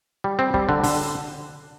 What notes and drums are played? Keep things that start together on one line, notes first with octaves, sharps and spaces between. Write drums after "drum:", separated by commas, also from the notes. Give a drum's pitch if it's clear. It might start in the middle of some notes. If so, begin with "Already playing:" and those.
G3
C4
G3, drum: kick
D3
D3, drum: open hi-hat